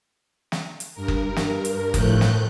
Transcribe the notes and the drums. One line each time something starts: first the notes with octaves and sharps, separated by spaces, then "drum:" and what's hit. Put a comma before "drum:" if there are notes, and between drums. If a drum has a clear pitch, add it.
drum: snare
drum: hi-hat
G2 A#4
drum: kick F#1
drum: snare
drum: hi-hat
A2 F3 A3 F#6 G6, drum: kick F#1, hi-hat
drum: snare